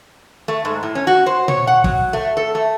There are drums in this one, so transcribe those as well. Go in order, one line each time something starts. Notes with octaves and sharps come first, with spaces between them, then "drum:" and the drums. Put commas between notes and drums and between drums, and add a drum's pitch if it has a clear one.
A3
G#2
A2
C#4
F#4
C5
C#5, drum: tom A#2
F#5
F#3, drum: kick
A3
A4
A3